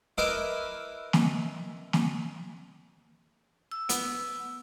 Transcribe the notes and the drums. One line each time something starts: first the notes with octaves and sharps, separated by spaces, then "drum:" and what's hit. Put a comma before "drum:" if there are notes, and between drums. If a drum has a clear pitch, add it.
E4 A#4 B4 D#5 C6 D6
drum: snare
drum: snare
E6
B3, drum: hi-hat